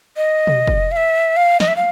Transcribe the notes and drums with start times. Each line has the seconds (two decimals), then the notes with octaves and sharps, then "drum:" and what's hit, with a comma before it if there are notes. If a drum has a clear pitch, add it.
0.17 D#5
0.47 drum: tom B2
0.67 drum: kick
0.91 F5
0.97 E5
1.37 F5
1.60 D#5, drum: snare
1.68 E5
1.76 F5